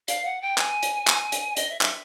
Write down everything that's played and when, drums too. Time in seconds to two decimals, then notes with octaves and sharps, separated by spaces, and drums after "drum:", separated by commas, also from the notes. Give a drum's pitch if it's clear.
0.08 F5, drum: hi-hat
0.25 F#5
0.42 G5
0.58 G#5, drum: clap
0.83 drum: hi-hat
1.07 drum: clap
1.32 drum: hi-hat
1.57 D#5, drum: hi-hat
1.69 E5
1.81 E5, drum: clap